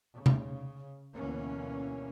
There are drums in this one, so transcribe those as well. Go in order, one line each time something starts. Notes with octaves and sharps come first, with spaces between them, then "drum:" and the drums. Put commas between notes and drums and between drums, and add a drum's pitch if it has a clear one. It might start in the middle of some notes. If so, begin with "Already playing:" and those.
C#3
drum: tom C3
D2 B2 E3 A#3 C#4